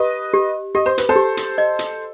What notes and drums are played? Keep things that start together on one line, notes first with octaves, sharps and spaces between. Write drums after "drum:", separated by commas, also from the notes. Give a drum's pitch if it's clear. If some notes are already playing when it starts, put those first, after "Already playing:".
Already playing: G4 B4 D#5
G4
G4 D#5
C5
B4, drum: hi-hat
A4 C5
G4
drum: hi-hat
D#5
drum: hi-hat